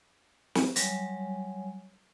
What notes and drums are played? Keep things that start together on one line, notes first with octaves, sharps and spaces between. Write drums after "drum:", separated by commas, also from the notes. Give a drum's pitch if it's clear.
drum: snare
F#3 G3 C#5 G#5, drum: hi-hat